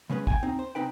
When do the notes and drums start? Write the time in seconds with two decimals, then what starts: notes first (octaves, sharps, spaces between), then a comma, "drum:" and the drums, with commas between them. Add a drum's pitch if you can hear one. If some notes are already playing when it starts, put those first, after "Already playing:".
0.10 C#3 G#3 C#4 B4
0.27 G5 G#5, drum: kick
0.43 C4 D#4
0.59 C5
0.75 C2 C4 D#4 B4 G5